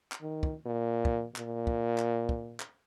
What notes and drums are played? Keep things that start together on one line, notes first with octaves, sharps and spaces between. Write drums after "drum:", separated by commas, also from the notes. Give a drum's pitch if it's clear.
drum: clap
D#3
drum: kick
A#2
drum: kick
A#2, drum: clap
drum: kick
drum: clap
drum: kick
drum: clap